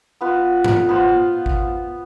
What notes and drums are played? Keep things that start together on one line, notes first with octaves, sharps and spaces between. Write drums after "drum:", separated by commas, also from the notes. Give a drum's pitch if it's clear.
B3 F4 B4
drum: tom G2
B3 F4 C5
drum: kick G#1